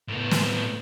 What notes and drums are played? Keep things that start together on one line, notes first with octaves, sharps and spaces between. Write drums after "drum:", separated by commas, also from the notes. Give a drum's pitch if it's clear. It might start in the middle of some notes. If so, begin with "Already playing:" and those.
A2 B3
drum: snare